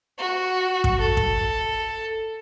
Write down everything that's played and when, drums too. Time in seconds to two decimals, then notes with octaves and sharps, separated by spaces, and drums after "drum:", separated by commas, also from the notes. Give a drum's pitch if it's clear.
0.19 F#4
0.84 drum: kick
1.00 A4
1.17 drum: kick